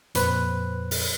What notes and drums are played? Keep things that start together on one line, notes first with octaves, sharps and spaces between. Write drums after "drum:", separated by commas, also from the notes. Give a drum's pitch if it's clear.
F2 A#2 B4 C5 B5 F#6, drum: hi-hat
drum: open hi-hat